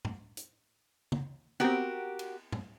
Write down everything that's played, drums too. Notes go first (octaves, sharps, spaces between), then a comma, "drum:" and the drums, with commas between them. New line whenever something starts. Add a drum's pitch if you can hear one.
drum: tom
drum: hi-hat
drum: tom
B3 C4 F#4 G4 A#4
drum: cymbal
drum: tom